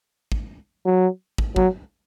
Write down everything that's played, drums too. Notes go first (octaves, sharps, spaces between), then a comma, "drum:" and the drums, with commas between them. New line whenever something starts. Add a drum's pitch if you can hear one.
drum: kick
F#3
drum: kick
F#3, drum: kick